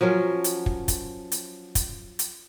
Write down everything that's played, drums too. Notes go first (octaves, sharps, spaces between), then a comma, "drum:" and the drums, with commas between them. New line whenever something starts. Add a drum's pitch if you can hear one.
F3 F#3 C#4 A#4
drum: hi-hat
drum: kick
drum: kick, hi-hat
drum: hi-hat
drum: kick, hi-hat
drum: hi-hat